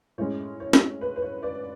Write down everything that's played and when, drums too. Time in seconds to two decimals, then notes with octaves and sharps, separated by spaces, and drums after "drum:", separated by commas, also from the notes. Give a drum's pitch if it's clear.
0.18 A2 G#3 C#4 C#5
0.60 C#5
0.73 drum: snare
1.01 B4
1.16 B4
1.22 C#5
1.42 B4 D5